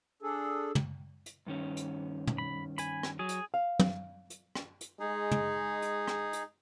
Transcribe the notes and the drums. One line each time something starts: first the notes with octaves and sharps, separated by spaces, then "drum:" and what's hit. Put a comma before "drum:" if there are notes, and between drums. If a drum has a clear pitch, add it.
D4 G#4 A4
drum: tom
drum: hi-hat
G2 D#3 C#4
drum: hi-hat
drum: tom
B5
G#5 B5, drum: hi-hat
drum: rim click
F#3 G#4
drum: hi-hat
F5
drum: tom
drum: hi-hat
drum: rim click
drum: hi-hat
G#3 D#4 G#4
drum: tom
drum: hi-hat
drum: rim click
drum: hi-hat